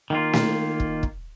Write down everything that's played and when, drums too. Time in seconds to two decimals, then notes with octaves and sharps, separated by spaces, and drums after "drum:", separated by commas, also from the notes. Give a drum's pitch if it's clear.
0.10 D#3 A#3 F4
0.33 drum: snare
0.80 drum: kick
1.03 drum: kick